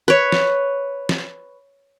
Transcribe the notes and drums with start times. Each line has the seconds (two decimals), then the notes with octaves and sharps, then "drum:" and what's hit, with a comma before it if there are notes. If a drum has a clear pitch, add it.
0.08 B4 C#5
0.32 drum: snare
1.09 drum: snare